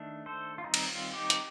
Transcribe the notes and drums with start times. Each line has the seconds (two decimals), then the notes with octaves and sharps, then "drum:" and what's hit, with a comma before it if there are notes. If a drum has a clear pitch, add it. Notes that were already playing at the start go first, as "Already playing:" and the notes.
Already playing: D#3 A3 D4
0.26 A4 C5
0.58 F4
0.64 D#3 G3 C4 D#4
0.74 drum: cymbal
0.89 F4
1.13 D#4 G4
1.30 drum: hi-hat